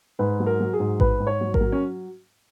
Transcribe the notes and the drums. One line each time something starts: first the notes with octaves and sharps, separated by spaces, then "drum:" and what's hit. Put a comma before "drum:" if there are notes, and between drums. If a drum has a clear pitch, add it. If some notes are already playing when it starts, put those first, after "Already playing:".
G#2 B4
F#3
A#4
F#3
G#4
G#2
G#2 B4, drum: kick A1
G#2
C#5
F#3
A#4, drum: kick A1
F#3
C#4